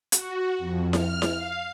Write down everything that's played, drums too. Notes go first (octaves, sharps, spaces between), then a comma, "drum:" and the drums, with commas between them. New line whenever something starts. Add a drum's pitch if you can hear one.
F#4, drum: hi-hat
F2
F6, drum: snare E4
drum: snare E4
F5